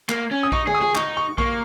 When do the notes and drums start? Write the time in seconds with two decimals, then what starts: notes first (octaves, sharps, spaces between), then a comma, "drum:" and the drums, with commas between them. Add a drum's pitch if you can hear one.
0.09 A#3, drum: clap
0.31 C#4
0.43 D#6
0.52 D#4 C#6, drum: kick A#1
0.67 G#4, drum: tom
0.75 D#6
0.81 G#4, drum: tom
0.95 D#4 C#6, drum: clap
1.17 C#6
1.38 A#3 C#6, drum: kick A#1